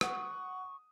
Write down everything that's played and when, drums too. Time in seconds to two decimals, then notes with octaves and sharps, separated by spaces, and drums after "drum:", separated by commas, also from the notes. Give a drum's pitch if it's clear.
0.01 F#5 C#6 D#6, drum: rim click